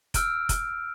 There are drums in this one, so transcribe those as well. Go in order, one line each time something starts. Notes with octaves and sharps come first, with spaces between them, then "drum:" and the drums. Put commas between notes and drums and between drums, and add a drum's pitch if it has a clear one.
E6 F6 G6 D7, drum: kick F1, hi-hat
drum: kick F1, hi-hat